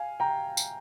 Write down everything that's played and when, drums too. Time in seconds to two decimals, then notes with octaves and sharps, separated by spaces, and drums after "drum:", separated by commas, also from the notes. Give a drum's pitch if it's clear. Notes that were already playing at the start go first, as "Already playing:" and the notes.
Already playing: F5 G#5
0.20 G5 A#5
0.57 drum: tambourine